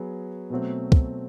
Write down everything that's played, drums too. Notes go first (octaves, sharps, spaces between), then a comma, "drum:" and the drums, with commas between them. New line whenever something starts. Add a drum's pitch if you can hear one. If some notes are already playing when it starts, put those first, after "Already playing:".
Already playing: F#3 B3 G#4
B2 F#3 A3 C4
drum: kick